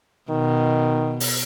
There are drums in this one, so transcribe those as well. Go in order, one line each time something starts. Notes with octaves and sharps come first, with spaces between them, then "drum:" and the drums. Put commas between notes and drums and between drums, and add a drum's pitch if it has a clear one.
B2 D#3
drum: open hi-hat